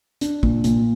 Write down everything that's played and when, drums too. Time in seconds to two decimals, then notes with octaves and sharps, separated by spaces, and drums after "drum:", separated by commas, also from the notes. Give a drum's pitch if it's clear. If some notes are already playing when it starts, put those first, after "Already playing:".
0.21 D4, drum: hi-hat
0.43 A#2, drum: kick
0.64 A#2, drum: hi-hat